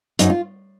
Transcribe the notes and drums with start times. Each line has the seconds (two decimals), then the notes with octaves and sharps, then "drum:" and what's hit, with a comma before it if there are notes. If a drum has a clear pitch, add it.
0.19 F#2 D#4, drum: hi-hat
0.30 F4